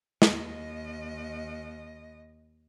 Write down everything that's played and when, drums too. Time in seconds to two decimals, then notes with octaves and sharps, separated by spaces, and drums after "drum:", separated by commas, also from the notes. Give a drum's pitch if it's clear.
0.22 D#2 D#5, drum: snare